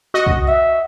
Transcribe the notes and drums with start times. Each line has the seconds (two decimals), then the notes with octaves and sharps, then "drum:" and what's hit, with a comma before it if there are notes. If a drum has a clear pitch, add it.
0.14 F#4 D#5
0.27 drum: kick
0.48 E5